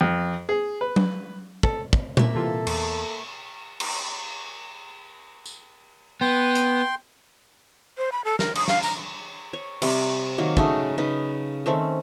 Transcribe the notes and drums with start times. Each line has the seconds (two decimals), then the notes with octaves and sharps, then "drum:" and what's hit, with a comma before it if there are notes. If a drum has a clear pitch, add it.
0.01 F2
0.49 G#4
0.81 B4
0.96 drum: tom F#3
1.63 A4, drum: kick
1.93 drum: kick
2.17 A#3 E5, drum: tom A#2
2.35 C3 E3 F4 A4
2.67 E2, drum: cymbal
3.80 drum: cymbal
5.46 drum: tambourine
6.21 B3 G5 C6
6.55 drum: hi-hat
7.98 C5
8.12 B5
8.25 A4
8.39 A#4, drum: snare
8.55 D#6, drum: cymbal
8.68 F5, drum: snare
8.83 A#5, drum: tambourine
9.53 C#5
9.82 C3 G3 C4, drum: cymbal
10.38 D#3 F#3 A#3
10.57 C#3 F#3 A3 D#4, drum: kick
10.98 C#3 D#4 B4
11.66 D#3 A3 C4 C#4